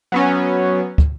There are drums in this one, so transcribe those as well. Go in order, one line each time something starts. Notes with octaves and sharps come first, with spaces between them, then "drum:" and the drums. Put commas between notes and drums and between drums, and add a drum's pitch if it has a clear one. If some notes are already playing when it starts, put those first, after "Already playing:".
F#3 B3 C#4
drum: kick